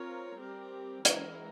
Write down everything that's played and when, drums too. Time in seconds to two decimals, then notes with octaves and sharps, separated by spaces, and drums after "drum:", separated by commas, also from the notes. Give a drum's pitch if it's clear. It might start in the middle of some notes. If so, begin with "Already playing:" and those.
Already playing: C4 F4 A#4 C#5
0.39 G3 C4 G4 A#4
1.05 E3 G#3 E4 A#4, drum: hi-hat